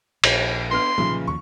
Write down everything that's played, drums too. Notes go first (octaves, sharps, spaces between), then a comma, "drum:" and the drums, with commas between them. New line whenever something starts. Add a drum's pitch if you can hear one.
A#1, drum: cymbal
B3 D4 C6 F6
B1 A#2 C#3 E3 F3
D#2 F3 C#6